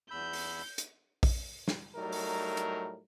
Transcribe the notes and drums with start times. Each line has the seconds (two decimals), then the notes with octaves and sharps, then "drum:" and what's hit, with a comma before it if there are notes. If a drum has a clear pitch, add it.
0.11 E2 B5 E6 G6
0.33 drum: open hi-hat
0.78 drum: hi-hat
1.23 drum: kick A#1, open hi-hat
1.68 drum: snare
1.96 A2 F#3 G3 A3 D#4 A#4
2.12 drum: open hi-hat
2.57 drum: hi-hat